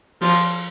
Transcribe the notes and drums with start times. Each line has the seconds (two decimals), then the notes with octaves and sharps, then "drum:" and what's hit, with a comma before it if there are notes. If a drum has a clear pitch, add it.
0.21 F3, drum: open hi-hat